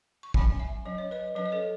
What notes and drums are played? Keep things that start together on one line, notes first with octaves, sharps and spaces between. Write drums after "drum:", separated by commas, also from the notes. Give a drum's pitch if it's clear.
C#6
F#3 C#4 G#5 B5, drum: kick
E5 G#5
F#3 C#4 D#5
C#5
B4 D#5
F#3 C#4 B4 D#5
D#5
A4 C#5